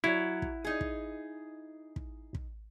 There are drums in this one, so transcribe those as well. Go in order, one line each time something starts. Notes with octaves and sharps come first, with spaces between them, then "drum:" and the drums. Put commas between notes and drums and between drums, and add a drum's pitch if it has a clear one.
F#3 E4
drum: kick
D#4 G#4
drum: kick
drum: kick
drum: kick